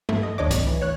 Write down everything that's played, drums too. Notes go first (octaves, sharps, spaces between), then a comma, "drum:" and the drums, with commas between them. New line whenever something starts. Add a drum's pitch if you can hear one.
A3, drum: tom G2
D#5
D#2 D4 C#5 D#5 D6
G#1, drum: kick, hi-hat
E3
A1 C#5 F#6